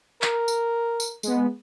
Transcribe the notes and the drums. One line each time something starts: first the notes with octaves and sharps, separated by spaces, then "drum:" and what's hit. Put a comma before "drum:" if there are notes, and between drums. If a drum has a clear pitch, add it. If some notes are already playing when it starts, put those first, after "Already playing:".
A#4, drum: clap
drum: tambourine
drum: tambourine
G#3 B3, drum: tambourine